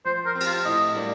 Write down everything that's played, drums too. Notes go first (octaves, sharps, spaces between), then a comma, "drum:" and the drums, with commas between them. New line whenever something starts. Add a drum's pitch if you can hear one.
F3 C5
A#4
C4
G4, drum: cymbal
F4
A2 D#5
G3 A#3 D4